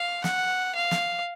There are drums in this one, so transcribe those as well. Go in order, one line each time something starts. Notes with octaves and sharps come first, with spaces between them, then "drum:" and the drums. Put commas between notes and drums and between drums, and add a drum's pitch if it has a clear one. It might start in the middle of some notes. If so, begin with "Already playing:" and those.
Already playing: F5
F#5, drum: snare
F5
drum: snare